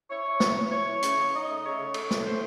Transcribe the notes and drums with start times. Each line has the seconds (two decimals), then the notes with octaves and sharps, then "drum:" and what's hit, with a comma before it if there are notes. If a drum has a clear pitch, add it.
0.09 E4 C#5
0.25 E4
0.40 E3, drum: snare
0.55 E3
0.70 E3 C#5
0.87 E3
1.02 C#3, drum: hi-hat
1.17 C#3
1.32 D#4 D#5
1.48 A3
1.64 C#3 C#5
1.79 C#3
1.94 A3, drum: cymbal
2.11 E3, drum: snare
2.25 A3 C5